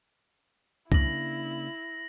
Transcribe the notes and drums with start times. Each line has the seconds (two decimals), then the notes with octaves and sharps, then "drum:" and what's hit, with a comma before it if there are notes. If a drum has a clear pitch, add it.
0.92 C#3 A#3 D4 E4 A#6 F#7, drum: kick C2